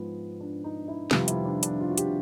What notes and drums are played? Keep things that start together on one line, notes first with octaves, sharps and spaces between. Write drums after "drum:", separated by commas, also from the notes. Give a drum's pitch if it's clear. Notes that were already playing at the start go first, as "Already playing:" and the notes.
Already playing: G#2 F3 G#3 B3 F4
D4
D#4
E4
F2 C3 D#3 G3 B3 F4, drum: snare
E4, drum: hi-hat
D4
D4, drum: hi-hat
F4
F#4
G4, drum: hi-hat